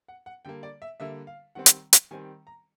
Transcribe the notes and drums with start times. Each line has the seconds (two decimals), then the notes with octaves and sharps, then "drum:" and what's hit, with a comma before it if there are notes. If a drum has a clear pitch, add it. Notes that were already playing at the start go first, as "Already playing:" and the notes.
0.08 F#5
0.26 F#5
0.45 D3 G3 A#3 G5
0.63 D5
0.82 E5
1.00 D3 G3 A#3 E5
1.27 F5
1.55 D#3 G3 C4 F#5
1.66 drum: hi-hat
1.93 drum: hi-hat
2.11 D#3 G3 C4 G#5
2.47 A#5